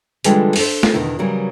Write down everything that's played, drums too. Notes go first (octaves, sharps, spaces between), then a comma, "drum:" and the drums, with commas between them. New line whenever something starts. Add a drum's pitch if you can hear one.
D3 E3 G3 G#3 F4 A4, drum: hi-hat
D4 E4 G#4 A4 C5, drum: open hi-hat
drum: snare A3
E2 B2 D3 D#3 E4
C#3 E3 F#3 G3 A#4